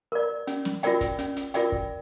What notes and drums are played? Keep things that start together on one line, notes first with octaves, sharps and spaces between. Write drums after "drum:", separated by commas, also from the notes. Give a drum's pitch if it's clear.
A#4 D5
C#4, drum: hi-hat
drum: snare
F4 A#4 D5 G5, drum: hi-hat
drum: kick, hi-hat
C#4, drum: hi-hat
drum: hi-hat
F4 A#4 D5 G5, drum: hi-hat
drum: kick